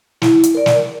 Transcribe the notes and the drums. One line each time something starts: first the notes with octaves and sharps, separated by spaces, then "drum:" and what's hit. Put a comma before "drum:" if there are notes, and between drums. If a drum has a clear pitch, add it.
E4, drum: snare
drum: hi-hat
A#4 D5
drum: snare